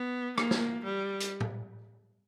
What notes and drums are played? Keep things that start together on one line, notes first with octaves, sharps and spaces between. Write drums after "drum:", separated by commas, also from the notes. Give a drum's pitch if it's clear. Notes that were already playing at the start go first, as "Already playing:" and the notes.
Already playing: B3
A#3, drum: rim click
drum: snare
G3
drum: hi-hat
drum: tom